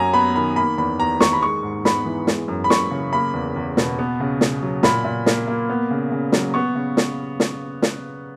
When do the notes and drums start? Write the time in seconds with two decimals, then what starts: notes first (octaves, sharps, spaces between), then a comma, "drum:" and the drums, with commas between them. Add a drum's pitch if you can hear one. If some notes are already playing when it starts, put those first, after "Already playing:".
Already playing: F#2 F#3 G#5 A#5
0.13 B3 B5
0.36 D#3 B5
0.56 A#3 B5
0.78 E2 B5
0.99 E2 A#5
1.20 D#3 C#6, drum: snare
1.33 B5
1.42 G#3 C#6
1.63 G#2
1.85 B3 B5, drum: snare
2.05 E3
2.27 G#3, drum: snare
2.48 F#2
2.64 B5
2.70 F#2 C#6, drum: snare
2.91 C#3
3.12 A#3 B5
3.33 E2
3.56 E2
3.77 B2, drum: snare
3.99 B3
4.20 C#3
4.41 C#3, drum: snare
4.63 F#3
4.83 A#2 B5, drum: snare
5.04 A#2
5.26 A#3, drum: snare
5.47 A#3
5.70 B3
5.91 C#3
6.12 C#3
6.32 F#3, drum: snare
6.54 B3 C#6
6.75 C#3
6.97 drum: snare
7.40 drum: snare
7.82 drum: snare